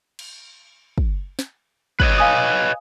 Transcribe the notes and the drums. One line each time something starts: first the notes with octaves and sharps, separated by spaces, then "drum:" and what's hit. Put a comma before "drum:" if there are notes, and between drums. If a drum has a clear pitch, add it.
drum: cymbal
drum: kick
drum: snare
B4 C#5 D#5, drum: kick
F5 G#5 D#6